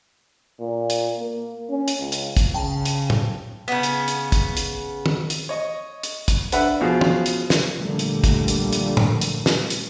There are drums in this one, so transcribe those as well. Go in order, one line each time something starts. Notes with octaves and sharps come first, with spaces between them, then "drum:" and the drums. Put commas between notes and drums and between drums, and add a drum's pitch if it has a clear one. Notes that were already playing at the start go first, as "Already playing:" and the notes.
A#2
drum: hi-hat
A#3
C#4
drum: hi-hat
C#2
drum: hi-hat
drum: kick, hi-hat
C#3 G5 A5
drum: hi-hat
drum: tom A2
C#3 B3
drum: hi-hat
drum: hi-hat
drum: kick, hi-hat
drum: hi-hat
drum: tom
drum: hi-hat
C#5 D#5
drum: hi-hat
drum: kick, hi-hat
D4 B4 E5 F#5, drum: hi-hat
B2 F3 G#4 F5
drum: tom
drum: hi-hat
drum: snare
A#2 D3 F3 G3 A3 A#3
drum: hi-hat
drum: kick, hi-hat
drum: hi-hat
drum: hi-hat
drum: tom
drum: hi-hat
drum: snare
drum: hi-hat